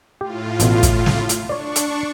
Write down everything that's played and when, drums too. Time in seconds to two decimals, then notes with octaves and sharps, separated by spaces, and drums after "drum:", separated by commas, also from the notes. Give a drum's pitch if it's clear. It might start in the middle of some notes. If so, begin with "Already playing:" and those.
0.21 A2 F4 G4
0.60 A1 B2, drum: hi-hat
0.83 drum: kick, hi-hat
1.06 drum: snare
1.29 drum: hi-hat
1.49 D4 C#5 D5 C#6
1.76 drum: hi-hat